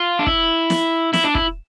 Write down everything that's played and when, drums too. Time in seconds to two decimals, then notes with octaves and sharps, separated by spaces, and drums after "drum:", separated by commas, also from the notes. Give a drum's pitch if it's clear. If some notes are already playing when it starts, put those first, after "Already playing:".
Already playing: F4
0.19 D4
0.27 E4, drum: kick
0.70 drum: snare
1.13 E4, drum: snare
1.24 D4
1.35 E4, drum: kick